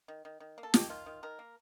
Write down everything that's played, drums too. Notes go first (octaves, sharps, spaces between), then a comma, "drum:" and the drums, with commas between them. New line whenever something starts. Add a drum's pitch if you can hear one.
D#3
D#3
D#3
A#3
A4
D#3 G4, drum: snare
D#3 F4
D#3
D#3 A#4
A#3